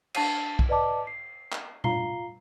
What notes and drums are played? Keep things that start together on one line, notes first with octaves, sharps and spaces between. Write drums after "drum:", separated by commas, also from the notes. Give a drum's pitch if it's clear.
D4 A5 C7 D#7, drum: cymbal
drum: kick B1
B4 D5 D#5 A5 D6
C7
drum: clap
F4 F5 A#5 C7 G7, drum: tom A#2